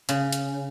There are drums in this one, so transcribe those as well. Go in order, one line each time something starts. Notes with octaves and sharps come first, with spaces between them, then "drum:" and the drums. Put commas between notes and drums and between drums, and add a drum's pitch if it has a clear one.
C#3, drum: hi-hat
drum: hi-hat